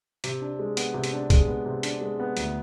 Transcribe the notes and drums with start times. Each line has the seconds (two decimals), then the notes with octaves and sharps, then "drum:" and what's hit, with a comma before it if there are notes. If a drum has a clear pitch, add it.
0.24 C3, drum: hi-hat
0.42 D4
0.59 G#3
0.77 B3, drum: hi-hat
0.94 C3
1.04 drum: hi-hat
1.13 D4
1.30 G#3, drum: kick B1, hi-hat
1.48 B3
1.66 C3
1.83 D4, drum: hi-hat
2.01 G#3
2.20 B3
2.37 D2, drum: hi-hat